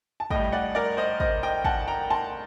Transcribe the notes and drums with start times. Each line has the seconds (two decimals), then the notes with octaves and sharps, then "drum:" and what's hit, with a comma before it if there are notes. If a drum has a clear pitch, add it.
0.20 A5
0.30 A2 G3 D#5 G5, drum: kick
0.52 D5 F#5
0.75 A#4 D5
0.97 C5 D#5
1.20 C5 D#5, drum: kick
1.43 D#5 G5
1.65 F#5 A5, drum: kick
1.88 G5 A#5
2.10 A5 C6